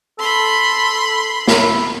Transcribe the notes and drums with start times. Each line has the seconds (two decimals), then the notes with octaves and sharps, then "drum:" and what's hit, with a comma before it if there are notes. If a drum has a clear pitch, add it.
0.19 A4 B5 C6
1.48 E4, drum: snare